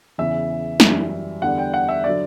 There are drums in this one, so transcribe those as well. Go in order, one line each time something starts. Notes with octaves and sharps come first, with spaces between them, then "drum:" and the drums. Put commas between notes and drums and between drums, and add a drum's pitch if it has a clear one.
E2 C#3 E3 E5
F#2 E3 G3, drum: snare
E2 D3 G3 F#5
G5
F#5
E5
D3 F#3 D5